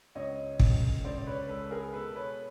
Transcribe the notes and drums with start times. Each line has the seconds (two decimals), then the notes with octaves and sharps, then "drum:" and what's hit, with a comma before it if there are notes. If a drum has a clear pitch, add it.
0.15 C#2 C#5 D#5
0.60 C#2, drum: kick
1.04 C#2 C5 D5
1.18 D5
1.27 B4 C#5
1.49 G#3 A4 B4
1.71 G#4 A#4
1.93 B2 A4 B4
2.15 B4 C#5